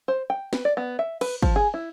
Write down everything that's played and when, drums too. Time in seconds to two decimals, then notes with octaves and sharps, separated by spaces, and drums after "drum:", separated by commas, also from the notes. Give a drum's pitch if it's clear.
0.08 C5
0.30 G5
0.53 B4, drum: snare
0.65 D5
0.77 B3
0.99 E5
1.21 B4, drum: cymbal
1.42 F3, drum: kick
1.56 G#4
1.74 E4